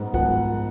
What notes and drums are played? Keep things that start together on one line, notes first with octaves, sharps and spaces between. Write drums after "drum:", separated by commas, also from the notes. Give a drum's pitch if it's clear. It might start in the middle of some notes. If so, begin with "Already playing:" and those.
Already playing: G#2 B3
F3 F#5, drum: kick